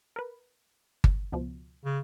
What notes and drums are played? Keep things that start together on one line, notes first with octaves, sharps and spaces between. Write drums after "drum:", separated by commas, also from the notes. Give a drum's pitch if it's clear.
A#4 B4
drum: kick G1
C#2 B2 F3
C#3